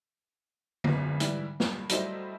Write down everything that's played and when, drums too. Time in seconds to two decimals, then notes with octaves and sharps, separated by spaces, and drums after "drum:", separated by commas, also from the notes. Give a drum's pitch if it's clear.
0.84 G#1 C#2 F#2 B3, drum: tom D3
1.20 G#2 E3 G3 E4, drum: hi-hat
1.60 G2 A#3, drum: snare
1.89 F#3 G3 A3 E4 C5 D#5, drum: hi-hat